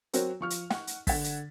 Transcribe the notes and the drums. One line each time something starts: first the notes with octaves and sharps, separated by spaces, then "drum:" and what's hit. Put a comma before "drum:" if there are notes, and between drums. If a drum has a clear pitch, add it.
F#3 C4 F#4 A#4 C#5, drum: hi-hat
F3 C#6 F6
drum: hi-hat
F#5 C#6, drum: snare
drum: hi-hat
D3 F#5 G#6 A6 B6, drum: kick, open hi-hat
drum: hi-hat